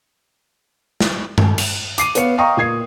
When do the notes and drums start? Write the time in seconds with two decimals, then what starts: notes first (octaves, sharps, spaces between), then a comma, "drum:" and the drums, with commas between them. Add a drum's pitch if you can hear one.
1.00 drum: snare
1.38 drum: tom G2
1.58 drum: cymbal
1.98 D6 C7 D#7, drum: hi-hat
2.15 B3 C#5 F5 C#7, drum: hi-hat
2.38 D#5 F5 G5 A#5 C#6 D#6
2.57 A#2 D#6 G#6 C7